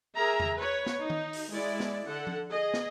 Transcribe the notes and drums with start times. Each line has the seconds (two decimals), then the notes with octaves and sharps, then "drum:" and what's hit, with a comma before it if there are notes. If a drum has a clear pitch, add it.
0.16 G#4 A#4 E5 A#5
0.40 drum: tom E2
0.56 B4 C#5
0.86 drum: snare
1.01 D#4
1.10 drum: tom D#3
1.33 drum: open hi-hat
1.51 G#3 E4 D5
1.80 drum: snare
2.06 D3 A4 F#5
2.27 drum: tom F3
2.50 G#4 D#5
2.74 drum: snare